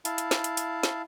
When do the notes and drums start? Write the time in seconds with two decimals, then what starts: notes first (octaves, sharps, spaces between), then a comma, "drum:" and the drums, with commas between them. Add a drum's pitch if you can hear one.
0.05 E4 F5 A5, drum: hi-hat
0.18 drum: hi-hat
0.31 drum: snare
0.44 drum: hi-hat
0.57 drum: hi-hat
0.83 drum: snare